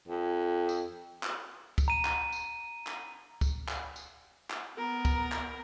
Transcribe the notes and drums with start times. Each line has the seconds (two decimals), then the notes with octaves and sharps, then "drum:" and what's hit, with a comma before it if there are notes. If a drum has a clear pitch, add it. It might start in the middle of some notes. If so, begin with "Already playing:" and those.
0.08 F2
0.69 drum: tambourine
1.23 drum: clap
1.78 drum: kick C#2, tambourine
1.88 A#5 D#7
2.05 drum: clap
2.32 drum: tambourine
2.87 drum: clap
3.41 drum: kick C#2, tambourine
3.69 drum: clap
3.96 drum: tambourine
4.50 drum: clap
4.78 B3 A#4
5.05 drum: kick C#2, tambourine
5.32 drum: clap